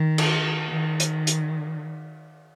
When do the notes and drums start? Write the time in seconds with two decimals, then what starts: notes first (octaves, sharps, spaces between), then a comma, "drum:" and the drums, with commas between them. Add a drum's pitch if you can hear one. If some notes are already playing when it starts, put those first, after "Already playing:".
Already playing: D#3
0.18 drum: cymbal
0.70 D#3
1.00 drum: hi-hat
1.27 drum: hi-hat